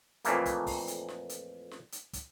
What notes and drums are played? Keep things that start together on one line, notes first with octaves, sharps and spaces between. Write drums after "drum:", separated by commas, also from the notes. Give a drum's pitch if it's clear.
F2 A#2 E3 A3 A#3, drum: hi-hat
drum: kick, hi-hat
drum: kick, open hi-hat
drum: hi-hat
drum: snare
drum: hi-hat
drum: snare
drum: hi-hat
drum: kick, hi-hat